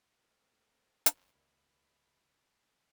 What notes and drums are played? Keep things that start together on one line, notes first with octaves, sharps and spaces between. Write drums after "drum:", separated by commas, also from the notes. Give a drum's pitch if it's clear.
A3 C4 A#4
drum: hi-hat
C#2 A#3 D5 B5